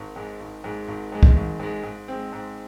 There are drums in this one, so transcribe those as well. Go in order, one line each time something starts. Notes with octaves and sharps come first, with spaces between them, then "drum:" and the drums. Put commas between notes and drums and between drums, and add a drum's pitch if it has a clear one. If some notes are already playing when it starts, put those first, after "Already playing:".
Already playing: G#1
G#2 G#3
G#1
G#2 G#3
G#1
G#2 G#3
drum: kick C2
G#1
G#2 G#3
G#2
G#3 C4
G#2